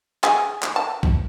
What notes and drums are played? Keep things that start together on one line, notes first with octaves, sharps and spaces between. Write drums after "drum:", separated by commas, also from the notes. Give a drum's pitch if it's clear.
G#4, drum: clap
drum: clap
A5
drum: kick